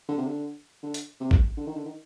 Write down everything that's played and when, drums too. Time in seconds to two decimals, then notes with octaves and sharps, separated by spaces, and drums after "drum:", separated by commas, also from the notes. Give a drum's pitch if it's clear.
0.08 D3
0.18 C3
0.27 D3
0.83 D3
0.94 drum: hi-hat
1.20 C3
1.31 drum: kick
1.57 D3
1.67 D#3
1.75 D3
1.85 D#3